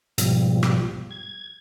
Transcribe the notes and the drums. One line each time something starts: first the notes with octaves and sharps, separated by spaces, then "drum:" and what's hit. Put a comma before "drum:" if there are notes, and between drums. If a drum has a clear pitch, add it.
G#2 B2 F3 G3, drum: hi-hat
drum: rim click
G#6